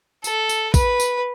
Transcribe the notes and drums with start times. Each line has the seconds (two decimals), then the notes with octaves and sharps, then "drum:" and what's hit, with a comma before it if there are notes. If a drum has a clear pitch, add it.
0.24 A4, drum: tambourine
0.49 drum: tambourine
0.74 B4, drum: kick, tambourine
1.00 drum: tambourine